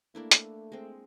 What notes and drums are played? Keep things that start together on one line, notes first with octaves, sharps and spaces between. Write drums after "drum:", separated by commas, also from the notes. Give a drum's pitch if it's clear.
A3 A#3 D4 E4
drum: hi-hat
G#3 C4